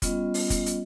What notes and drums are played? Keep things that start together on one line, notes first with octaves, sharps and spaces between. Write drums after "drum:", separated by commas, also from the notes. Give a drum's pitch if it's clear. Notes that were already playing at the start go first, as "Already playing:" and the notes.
G3 B3 C#4 F4 D#5, drum: kick F1, hi-hat
drum: open hi-hat
drum: kick F1, hi-hat
drum: hi-hat